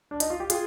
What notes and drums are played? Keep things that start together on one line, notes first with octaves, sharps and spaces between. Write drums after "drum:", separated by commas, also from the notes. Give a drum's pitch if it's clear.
D4
D#4, drum: hi-hat
F4
G4
F4 G#4, drum: hi-hat